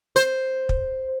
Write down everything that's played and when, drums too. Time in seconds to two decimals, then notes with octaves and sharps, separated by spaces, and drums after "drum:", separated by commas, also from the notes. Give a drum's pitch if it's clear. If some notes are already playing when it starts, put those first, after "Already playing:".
0.16 C5, drum: hi-hat
0.69 drum: kick